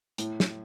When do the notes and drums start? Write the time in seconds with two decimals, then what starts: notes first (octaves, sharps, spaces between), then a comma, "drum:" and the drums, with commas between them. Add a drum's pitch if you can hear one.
0.18 A2, drum: hi-hat
0.40 drum: snare